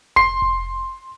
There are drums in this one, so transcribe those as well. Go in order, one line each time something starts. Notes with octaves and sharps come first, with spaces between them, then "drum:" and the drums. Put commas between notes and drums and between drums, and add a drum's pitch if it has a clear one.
C6 C7, drum: kick F1
drum: kick F1